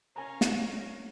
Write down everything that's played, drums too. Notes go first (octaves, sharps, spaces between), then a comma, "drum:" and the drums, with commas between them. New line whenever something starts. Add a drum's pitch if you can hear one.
C#4 A#4 C#5 F5 G#5 A#5
drum: snare